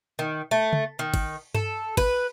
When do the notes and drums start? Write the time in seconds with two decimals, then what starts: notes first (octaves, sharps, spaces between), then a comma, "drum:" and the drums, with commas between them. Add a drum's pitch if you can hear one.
0.19 D#3
0.51 A3
0.73 drum: tom
0.99 D#3
1.14 drum: kick, cymbal
1.55 A4, drum: tom G2
1.97 B4, drum: kick, cymbal